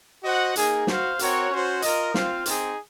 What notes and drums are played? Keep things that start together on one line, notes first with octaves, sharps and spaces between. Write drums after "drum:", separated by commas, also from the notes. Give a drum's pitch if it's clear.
F#4 C5 D#5 F#5
A#3 D#4 G#4, drum: hi-hat
F#4 C5 F5, drum: snare
C4 F#4 A#4 C#5 F#5, drum: hi-hat
C#4 F#4 C5
F4 A#4 D#5, drum: hi-hat
C4 F4 C5 F5, drum: snare
C4 D#4 G#4, drum: hi-hat